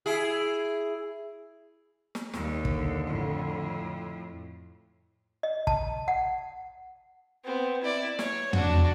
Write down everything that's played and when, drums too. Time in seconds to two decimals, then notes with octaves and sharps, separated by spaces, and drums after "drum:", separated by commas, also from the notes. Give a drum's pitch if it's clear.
0.06 E4 G#4
2.15 drum: snare
2.33 D#2 G3, drum: snare
2.65 D3, drum: kick
3.07 F2 A2
5.43 D#5
5.67 A5, drum: kick
6.08 F#5
7.44 B3 C4
7.82 E4 D5
8.19 C#5, drum: snare
8.53 D4 F#4, drum: tom